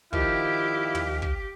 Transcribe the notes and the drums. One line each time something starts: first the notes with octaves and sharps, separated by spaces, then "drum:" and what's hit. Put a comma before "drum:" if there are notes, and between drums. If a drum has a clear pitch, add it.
D#3 F3 E4 G4 F5, drum: kick
drum: tom
drum: kick